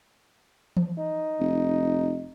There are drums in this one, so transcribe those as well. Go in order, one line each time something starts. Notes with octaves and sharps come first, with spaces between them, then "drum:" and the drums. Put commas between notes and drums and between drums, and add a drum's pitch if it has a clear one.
drum: tom E3
D#4
F1